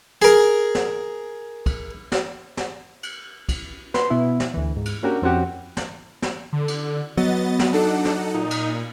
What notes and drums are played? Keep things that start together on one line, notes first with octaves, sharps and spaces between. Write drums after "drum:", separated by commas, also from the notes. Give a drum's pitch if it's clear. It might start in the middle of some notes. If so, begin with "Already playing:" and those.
G#4 A#4
drum: snare
drum: kick, cymbal
drum: snare
drum: snare
drum: cymbal
drum: kick, cymbal
B4 C6, drum: snare
B2 B3 E4
drum: snare
D2 E3
G#2
drum: cymbal
A#3 C#4 D4 F#4 G4 A#4
F2 C4 C#4 F#4 G4
drum: snare
drum: snare
D3
drum: cymbal
F#3 B3 D#5 A6
drum: snare
D4 D#4 A4 F#5
drum: snare
A#2 D#4
drum: cymbal